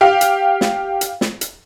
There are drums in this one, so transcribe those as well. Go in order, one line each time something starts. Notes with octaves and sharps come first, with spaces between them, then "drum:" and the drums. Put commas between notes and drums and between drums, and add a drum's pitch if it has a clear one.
G4 F5
drum: hi-hat
drum: snare
drum: hi-hat
drum: snare
drum: hi-hat